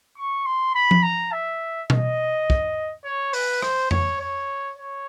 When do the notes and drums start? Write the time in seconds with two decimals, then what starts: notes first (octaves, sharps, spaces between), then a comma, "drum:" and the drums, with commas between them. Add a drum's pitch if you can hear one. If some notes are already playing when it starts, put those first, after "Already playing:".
0.17 C#6
0.46 C6
0.75 B5
0.91 drum: tom F3
1.03 A#5
1.32 E5
1.90 D#5, drum: tom B2
2.50 drum: kick
3.04 C#5
3.33 B4, drum: open hi-hat
3.62 C5, drum: rim click
3.91 C#5, drum: tom F2
4.20 C#5
4.77 C#5